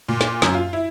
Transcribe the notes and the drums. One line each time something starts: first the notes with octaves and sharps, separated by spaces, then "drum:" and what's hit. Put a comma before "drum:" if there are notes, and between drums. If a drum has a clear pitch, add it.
A#2
drum: snare
F#2, drum: snare
F4
E4